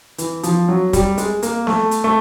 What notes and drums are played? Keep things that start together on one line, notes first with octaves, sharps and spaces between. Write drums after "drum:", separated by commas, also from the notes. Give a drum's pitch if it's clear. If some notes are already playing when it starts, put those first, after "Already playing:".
E3, drum: hi-hat
F3, drum: hi-hat
F#3
G3, drum: kick, hi-hat
G#3, drum: hi-hat
A#3, drum: hi-hat
A3, drum: snare B3
drum: hi-hat
A3